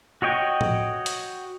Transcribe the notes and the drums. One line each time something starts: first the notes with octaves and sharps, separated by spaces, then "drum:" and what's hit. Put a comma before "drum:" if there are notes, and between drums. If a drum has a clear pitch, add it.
F#4 C#5 D#5 G5 C#6
drum: tom A2
drum: hi-hat